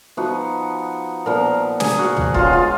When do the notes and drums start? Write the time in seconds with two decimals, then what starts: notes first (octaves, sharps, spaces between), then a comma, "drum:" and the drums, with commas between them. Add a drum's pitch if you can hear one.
0.17 F3 B3 D#4 F#4
1.26 A#2 F3 B3 A#4
1.80 G#4, drum: snare
1.99 F#4
2.17 F#4, drum: tom
2.34 B2 G#3 C#4 F4, drum: kick
2.53 F4